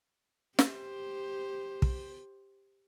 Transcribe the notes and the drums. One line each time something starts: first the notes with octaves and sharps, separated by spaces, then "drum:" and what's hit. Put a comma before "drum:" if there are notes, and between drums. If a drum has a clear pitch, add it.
G4 C5, drum: snare
drum: kick